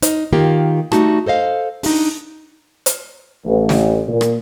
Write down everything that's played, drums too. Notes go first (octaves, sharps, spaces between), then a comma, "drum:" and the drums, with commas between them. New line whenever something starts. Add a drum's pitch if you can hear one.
D#4, drum: hi-hat
D#3 A#3 F4 G4
G3 A3 D#4 F#4 A5, drum: rim click
A4 C5 D#5 F5
D4 D#4, drum: open hi-hat
drum: hi-hat
A1
drum: snare
A#2
drum: rim click